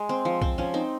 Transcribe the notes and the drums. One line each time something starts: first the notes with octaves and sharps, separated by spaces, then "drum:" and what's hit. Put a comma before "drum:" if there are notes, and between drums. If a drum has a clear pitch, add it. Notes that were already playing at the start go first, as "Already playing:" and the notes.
Already playing: G#3
C4
F3
C4, drum: kick
F3 C#4
C4 D#4